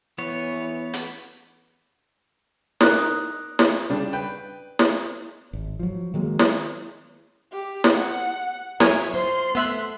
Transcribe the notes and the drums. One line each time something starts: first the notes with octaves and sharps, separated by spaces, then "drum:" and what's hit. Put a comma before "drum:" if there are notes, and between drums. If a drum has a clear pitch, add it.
E3 B3 C#5
drum: hi-hat
D#4 A#4 D5 D#6 F#6, drum: snare
drum: snare
C#3 G3 D4
B4 G5
drum: snare
G#1
F3 F#3
D#3 F#3 G#3 A#3
drum: snare
G4
drum: snare
F#5
F#3 A#4 C#5 E5 G#5, drum: snare
F4 C5 C6
A3 B3 E5 F#6